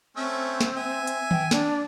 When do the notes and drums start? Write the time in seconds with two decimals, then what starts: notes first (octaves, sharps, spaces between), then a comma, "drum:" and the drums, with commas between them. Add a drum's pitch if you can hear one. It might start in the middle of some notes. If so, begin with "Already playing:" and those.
0.17 A3 C4 C#4 E5
0.61 drum: snare
0.77 E5 G#5
1.07 drum: hi-hat
1.31 G5, drum: tom D#3
1.51 D4, drum: snare